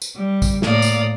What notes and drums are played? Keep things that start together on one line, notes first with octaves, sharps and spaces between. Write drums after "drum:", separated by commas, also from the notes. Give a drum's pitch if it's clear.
drum: tambourine
G3
drum: kick, tambourine
A2 A#3 D5 F5 D#6, drum: snare
drum: tambourine